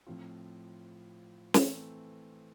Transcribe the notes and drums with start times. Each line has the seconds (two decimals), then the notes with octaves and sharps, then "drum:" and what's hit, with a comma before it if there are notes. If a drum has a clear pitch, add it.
0.07 A2 F3 C4 F4
1.54 E3 A3 C4, drum: snare